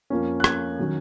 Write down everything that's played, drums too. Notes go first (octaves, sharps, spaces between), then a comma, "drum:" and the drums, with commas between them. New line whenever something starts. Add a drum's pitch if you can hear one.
F2 F3 A#3 C#4
F#6
G#6, drum: rim click
D#3 F#3 C#4